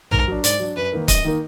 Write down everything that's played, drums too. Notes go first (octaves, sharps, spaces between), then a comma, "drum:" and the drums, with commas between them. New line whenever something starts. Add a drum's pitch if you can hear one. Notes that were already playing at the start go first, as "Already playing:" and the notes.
G#2 A#4, drum: tom
F#3 D4
G#2 D5, drum: hi-hat
F#3 D4
F#2 B4
D#3 A#3 D#4 A#4
F#2 D#5, drum: kick, hi-hat
D#3 A#3 D#4 A#4